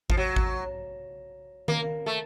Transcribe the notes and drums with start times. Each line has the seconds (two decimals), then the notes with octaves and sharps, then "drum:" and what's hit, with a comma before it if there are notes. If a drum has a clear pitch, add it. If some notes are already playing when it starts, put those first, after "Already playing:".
0.10 F3, drum: kick G#1
0.17 F#3
0.36 drum: kick G#1
1.68 A#3, drum: tom D#3
2.06 A3